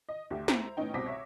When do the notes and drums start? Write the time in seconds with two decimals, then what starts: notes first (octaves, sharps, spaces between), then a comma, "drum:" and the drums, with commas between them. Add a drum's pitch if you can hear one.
0.09 D#5
0.30 D2 G4 E5
0.48 E4 C5 A#5, drum: snare
0.77 A2 B3 C#4 D#4 G5
0.94 C2 B2 C4 D6 A#6 B6
1.06 C#5 E5